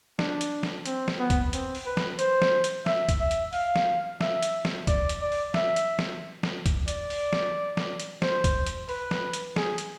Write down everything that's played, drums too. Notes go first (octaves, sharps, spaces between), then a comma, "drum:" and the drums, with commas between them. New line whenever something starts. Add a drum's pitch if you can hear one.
D4, drum: snare
drum: hi-hat
drum: snare
C4, drum: hi-hat
drum: snare
B3
drum: kick C#2, hi-hat
C4, drum: hi-hat
drum: open hi-hat
B4
drum: snare
C5, drum: hi-hat
drum: snare
drum: hi-hat
E5, drum: snare
drum: kick C#2, hi-hat
E5
drum: hi-hat
F5, drum: open hi-hat
drum: snare
E5, drum: snare
drum: hi-hat
drum: snare
D5, drum: kick C#2, hi-hat
drum: hi-hat
D5
drum: open hi-hat
E5, drum: snare
drum: hi-hat
drum: snare
drum: snare
drum: kick C#2, hi-hat
D5, drum: hi-hat
drum: open hi-hat
drum: snare
drum: snare
drum: hi-hat
C5, drum: snare
drum: kick C#2, hi-hat
drum: hi-hat
B4, drum: open hi-hat
drum: snare
drum: hi-hat
G#4, drum: snare
drum: hi-hat